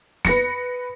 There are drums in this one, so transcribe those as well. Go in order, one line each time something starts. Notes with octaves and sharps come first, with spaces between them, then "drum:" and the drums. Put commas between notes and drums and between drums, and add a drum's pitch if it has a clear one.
B4 A#6 C#7, drum: snare